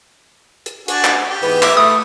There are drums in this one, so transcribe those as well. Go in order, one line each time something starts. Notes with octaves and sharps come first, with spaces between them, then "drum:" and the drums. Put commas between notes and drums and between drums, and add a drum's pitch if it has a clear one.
drum: hi-hat
D4 F#4 G#5, drum: hi-hat
drum: clap
G4
G#2 E3 B3, drum: open hi-hat
E5 D6, drum: clap
A3 B4 D#6